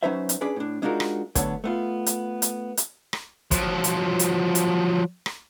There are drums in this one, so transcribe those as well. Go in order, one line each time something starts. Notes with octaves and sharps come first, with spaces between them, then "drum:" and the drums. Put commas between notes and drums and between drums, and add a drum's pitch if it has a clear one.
F#3 C#4 D#4 B4 C5 E5
drum: hi-hat
C#4 D4 G#4 B4 D5
A2 D4
G#3 D4 D#4 F4 F#4 A#4
drum: rim click
D3 F#3 A3 B3 D4 C#5, drum: kick, hi-hat
A3 B3 F4
drum: hi-hat
drum: hi-hat
drum: hi-hat
drum: rim click
F3 F#3, drum: kick, hi-hat
drum: hi-hat
drum: hi-hat
drum: hi-hat
drum: rim click